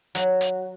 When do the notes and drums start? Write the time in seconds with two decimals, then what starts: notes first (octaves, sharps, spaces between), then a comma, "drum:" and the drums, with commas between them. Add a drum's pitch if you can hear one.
0.15 F#3, drum: hi-hat
0.41 drum: hi-hat